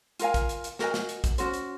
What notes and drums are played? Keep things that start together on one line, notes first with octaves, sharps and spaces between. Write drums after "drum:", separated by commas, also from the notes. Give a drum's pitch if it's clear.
F4 A#4 F5 G#5, drum: hi-hat
drum: kick A#1, hi-hat
drum: hi-hat
drum: hi-hat
F#4 A#4 D#5 G#5, drum: snare
drum: snare
drum: hi-hat
drum: kick A#1, hi-hat
C#4 F#4 C5, drum: hi-hat
drum: hi-hat